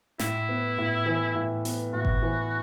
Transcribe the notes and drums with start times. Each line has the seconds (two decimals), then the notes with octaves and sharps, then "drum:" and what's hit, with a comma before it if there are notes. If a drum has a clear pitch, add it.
0.19 A2 E4, drum: snare
0.49 B3
0.78 A2
1.06 E3
1.35 A2
1.65 B3, drum: open hi-hat
1.93 A2 F#4
2.05 drum: kick G1
2.22 E3